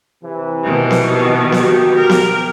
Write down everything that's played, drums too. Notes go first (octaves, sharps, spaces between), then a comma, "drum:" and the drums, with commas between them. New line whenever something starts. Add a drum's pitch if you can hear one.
C3 E3
B2 D#3
drum: snare B3
F#4 G4, drum: snare B3
A#4
drum: snare B3